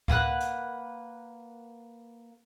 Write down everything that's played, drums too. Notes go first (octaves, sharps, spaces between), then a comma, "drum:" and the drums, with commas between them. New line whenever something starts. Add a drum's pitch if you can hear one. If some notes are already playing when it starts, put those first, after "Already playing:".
A#3 B4 F#5 F#6, drum: kick C#2
drum: hi-hat